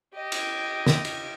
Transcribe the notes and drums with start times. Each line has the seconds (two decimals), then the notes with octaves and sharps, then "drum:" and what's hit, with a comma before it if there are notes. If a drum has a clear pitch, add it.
0.14 G4 D#5
0.32 drum: cymbal
0.86 drum: snare
1.05 drum: cymbal